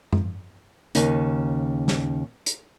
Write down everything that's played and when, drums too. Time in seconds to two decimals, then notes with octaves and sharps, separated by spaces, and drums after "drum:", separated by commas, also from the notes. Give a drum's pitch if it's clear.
0.13 drum: tom F#2
0.95 D#2 C#3 D#4, drum: hi-hat
1.88 drum: snare
2.46 drum: hi-hat